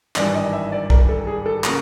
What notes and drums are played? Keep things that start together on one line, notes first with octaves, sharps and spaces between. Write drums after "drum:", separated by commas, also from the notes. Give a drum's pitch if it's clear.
G#1 G2 E3 G3 D5, drum: clap
D#5
E5
D5
A#4, drum: kick
A4
G#4
A4
C#3 F#3 A#3 A#4, drum: clap